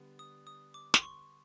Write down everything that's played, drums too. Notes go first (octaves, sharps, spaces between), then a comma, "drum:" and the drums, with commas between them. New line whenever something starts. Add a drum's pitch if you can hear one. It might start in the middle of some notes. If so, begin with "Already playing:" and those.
Already playing: D3 G3 B3
D#6
D#6
D6
C6, drum: snare
C#6